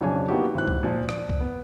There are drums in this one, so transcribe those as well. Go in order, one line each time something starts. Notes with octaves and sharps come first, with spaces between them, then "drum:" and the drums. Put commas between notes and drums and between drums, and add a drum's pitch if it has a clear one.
B1 F2 C#3 D4 C#5 G#5
A#3 B3 D#4 E4 F#4 G4
G#1 E4 F#6
drum: kick C#2
A#2 F3
D5, drum: rim click
drum: kick C#2
B3